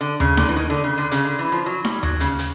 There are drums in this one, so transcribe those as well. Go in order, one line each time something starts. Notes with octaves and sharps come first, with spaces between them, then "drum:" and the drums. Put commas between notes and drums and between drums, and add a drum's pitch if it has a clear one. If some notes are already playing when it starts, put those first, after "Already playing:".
D3
C#3, drum: tom D#2
D3, drum: snare D#4
E3
D#3
D3
C#3
D3
C#3, drum: hi-hat
D3
E3
F3
F#3
G3, drum: snare D#4
F#3, drum: tom D#2
C#3, drum: hi-hat
drum: hi-hat